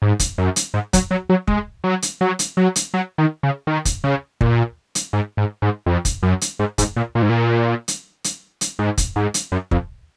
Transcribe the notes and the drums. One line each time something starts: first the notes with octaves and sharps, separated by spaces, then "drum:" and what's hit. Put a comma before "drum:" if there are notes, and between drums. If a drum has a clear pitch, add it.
G#2
drum: kick, hi-hat
F#2
drum: hi-hat
G#2
F#3, drum: kick, hi-hat
F#3
F#3
G#3, drum: kick
F#3
drum: hi-hat
F#3
drum: hi-hat
F#3
drum: hi-hat
F#3
D#3
C#3
D#3
drum: kick, hi-hat
C#3
A#2, drum: kick
drum: hi-hat
G#2
G#2
G#2
F2
drum: kick, hi-hat
F#2
drum: hi-hat
G#2
G#2, drum: kick, hi-hat
A#2
A#2
G#2
A#2
drum: hi-hat
drum: hi-hat
drum: hi-hat
G#2
drum: kick, hi-hat
G#2
drum: hi-hat
F#2
F2, drum: kick